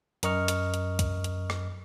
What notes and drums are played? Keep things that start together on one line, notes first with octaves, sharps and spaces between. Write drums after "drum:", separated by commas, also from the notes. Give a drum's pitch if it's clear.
F#2 A#4 D#5 C#6 F6, drum: hi-hat
drum: hi-hat
drum: hi-hat
drum: kick, hi-hat
drum: hi-hat
drum: rim click